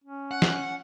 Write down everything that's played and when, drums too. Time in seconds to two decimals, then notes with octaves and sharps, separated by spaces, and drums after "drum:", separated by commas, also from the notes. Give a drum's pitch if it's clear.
0.04 C#4
0.31 F#5
0.42 drum: snare